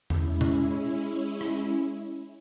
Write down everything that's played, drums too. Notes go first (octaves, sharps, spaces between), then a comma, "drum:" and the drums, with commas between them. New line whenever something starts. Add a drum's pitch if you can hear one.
G#3 C#4 E4, drum: tom E2
drum: tom B2
drum: rim click